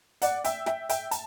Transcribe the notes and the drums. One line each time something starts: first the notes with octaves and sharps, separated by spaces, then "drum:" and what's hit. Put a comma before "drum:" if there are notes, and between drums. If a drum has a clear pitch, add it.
D5 F#5, drum: hi-hat
E5 G5, drum: hi-hat
E5 G5, drum: snare
E5 G5, drum: hi-hat
A5, drum: hi-hat